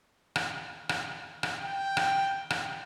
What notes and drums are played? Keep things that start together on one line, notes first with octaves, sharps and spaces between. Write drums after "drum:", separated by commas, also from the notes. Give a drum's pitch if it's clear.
drum: rim click
drum: rim click
drum: rim click
G5
drum: rim click
drum: rim click